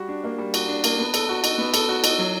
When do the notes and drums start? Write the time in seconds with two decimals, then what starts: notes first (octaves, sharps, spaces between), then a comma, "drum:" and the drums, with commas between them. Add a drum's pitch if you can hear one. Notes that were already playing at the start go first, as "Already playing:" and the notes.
Already playing: G3 F#4
0.08 D4
0.24 A#3
0.38 G3
0.54 F#4, drum: cymbal
0.68 D4
0.84 A#3, drum: cymbal
0.99 B3
1.14 A4, drum: cymbal
1.29 F#4
1.44 D#4, drum: cymbal
1.58 B3
1.74 A4, drum: cymbal
1.89 F#4
2.04 D#4, drum: cymbal
2.19 F#3